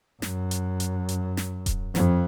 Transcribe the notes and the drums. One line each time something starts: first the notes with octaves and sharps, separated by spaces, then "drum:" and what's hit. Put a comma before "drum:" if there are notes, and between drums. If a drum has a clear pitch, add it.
F#2, drum: snare
drum: hi-hat
drum: hi-hat
drum: hi-hat
drum: snare
drum: kick D#1, hi-hat
F2, drum: snare